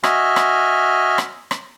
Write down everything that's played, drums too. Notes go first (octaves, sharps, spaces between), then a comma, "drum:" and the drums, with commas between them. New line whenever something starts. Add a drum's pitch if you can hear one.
F#4 D#5 E5 G#5 F6, drum: rim click
drum: rim click
drum: rim click
drum: rim click